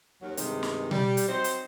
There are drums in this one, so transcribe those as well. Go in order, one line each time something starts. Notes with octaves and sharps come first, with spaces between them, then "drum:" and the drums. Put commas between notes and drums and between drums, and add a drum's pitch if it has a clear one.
D#2 F#3 A#4
G2 C3 D#3 G#3 A3 D#4, drum: hi-hat
drum: snare
G3, drum: tom B2
drum: hi-hat
F#3 C4 D#4 C5
drum: hi-hat